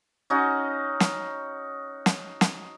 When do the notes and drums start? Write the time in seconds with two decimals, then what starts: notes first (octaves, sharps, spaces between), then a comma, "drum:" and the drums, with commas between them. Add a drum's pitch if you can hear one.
0.30 C#4 D#4 F#4
1.00 drum: snare
2.06 drum: snare
2.41 drum: snare